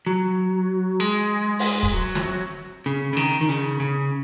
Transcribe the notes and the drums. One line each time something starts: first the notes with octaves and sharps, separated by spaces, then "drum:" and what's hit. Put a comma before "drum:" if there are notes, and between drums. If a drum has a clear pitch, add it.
F#3
G#3
drum: open hi-hat
drum: kick
F#3
drum: snare
C#3
C#3
D#3
D#3
C#3, drum: hi-hat
C#3